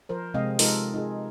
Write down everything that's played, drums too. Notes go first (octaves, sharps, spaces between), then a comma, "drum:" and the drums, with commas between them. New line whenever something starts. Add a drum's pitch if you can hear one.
F3 A#4 C5
C3 G#3 C4 D#5 F5
G#3 D#4 F4 A4 A#4, drum: open hi-hat
D#4 F4 G#4